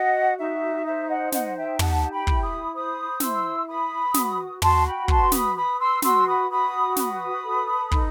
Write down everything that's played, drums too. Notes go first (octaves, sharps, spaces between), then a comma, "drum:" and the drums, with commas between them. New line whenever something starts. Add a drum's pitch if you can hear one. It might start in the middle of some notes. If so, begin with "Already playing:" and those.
Already playing: F#4 D#5 F#5
D#4 E5
C5 E5
D#5 F#5
D#4 D#5 F#5, drum: snare
E5 G5
G4 F#5 A5, drum: tom
G5 B5
E4, drum: kick
B5 D#6
C5 B5 D#6
E4 C6 E6, drum: snare
B4 B5 D#6
F#4, drum: snare
F#4 A5 C6, drum: tom
G5 B5
B4 A5 C6, drum: kick
B5 D#6, drum: snare
B4 B5 D#6
C6 E6
F#4 C6 E6, drum: snare
B5 D#6
F#4 B5 D#6
B4 B5 D#6, drum: snare
A4
D#4, drum: kick